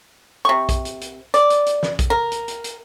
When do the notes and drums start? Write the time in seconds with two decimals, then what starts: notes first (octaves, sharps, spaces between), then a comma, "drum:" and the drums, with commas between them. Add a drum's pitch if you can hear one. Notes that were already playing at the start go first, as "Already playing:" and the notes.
0.45 C3 C#6
0.69 drum: kick A#1, hi-hat
0.85 drum: hi-hat
1.01 drum: hi-hat
1.34 D5, drum: hi-hat
1.50 drum: hi-hat
1.66 drum: hi-hat
1.83 drum: snare
1.99 drum: kick A#1, hi-hat
2.10 A#4
2.32 drum: hi-hat
2.48 drum: hi-hat
2.64 drum: hi-hat